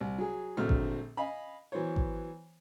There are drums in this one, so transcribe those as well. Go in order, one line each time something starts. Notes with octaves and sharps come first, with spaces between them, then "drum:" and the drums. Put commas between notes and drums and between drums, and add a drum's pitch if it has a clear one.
C2
F#3 G#4
A#1 D3 F#3 A3 C4 F6
drum: kick G#1
D#5 F5 G#5 B5
E3 F#3 B3 C5 C#5
drum: kick G#1